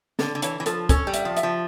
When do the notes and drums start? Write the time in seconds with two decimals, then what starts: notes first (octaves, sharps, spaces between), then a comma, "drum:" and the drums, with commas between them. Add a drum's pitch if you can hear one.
0.19 D3 A4, drum: snare
0.35 D3
0.42 E3 C#5, drum: hi-hat
0.60 E3
0.66 F3 A4, drum: hi-hat
0.89 C#4 A4, drum: kick, hi-hat
1.07 G3
1.14 E5, drum: hi-hat
1.25 F3
1.36 E5, drum: hi-hat
1.43 F3